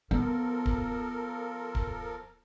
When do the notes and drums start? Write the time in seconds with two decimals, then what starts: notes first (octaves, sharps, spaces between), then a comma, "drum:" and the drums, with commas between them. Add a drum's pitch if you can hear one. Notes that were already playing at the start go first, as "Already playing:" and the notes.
0.11 F3 B3 A4 A#4
0.66 drum: kick D1
1.75 drum: kick D1